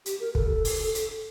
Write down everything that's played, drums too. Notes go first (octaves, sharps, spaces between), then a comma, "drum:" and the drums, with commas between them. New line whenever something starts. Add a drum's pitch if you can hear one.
G4, drum: hi-hat
A#4
A4, drum: kick
drum: open hi-hat
drum: hi-hat